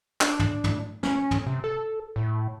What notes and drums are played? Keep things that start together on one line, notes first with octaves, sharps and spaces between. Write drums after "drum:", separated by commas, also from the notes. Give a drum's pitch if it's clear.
D4, drum: clap
drum: tom
drum: tom
C#4, drum: snare
drum: tom
C3
A4
A2